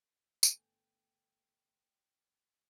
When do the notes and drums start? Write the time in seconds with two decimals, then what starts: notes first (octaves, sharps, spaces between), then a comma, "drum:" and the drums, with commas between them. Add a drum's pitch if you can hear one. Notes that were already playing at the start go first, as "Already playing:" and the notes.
0.43 G1 A3 G5 G#5, drum: tambourine